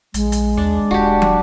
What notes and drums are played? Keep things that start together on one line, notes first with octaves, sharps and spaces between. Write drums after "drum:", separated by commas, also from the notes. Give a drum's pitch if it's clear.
A#1 G#3, drum: hi-hat
drum: hi-hat
D#2 D4
D#1 D4 F#4 G4
drum: tom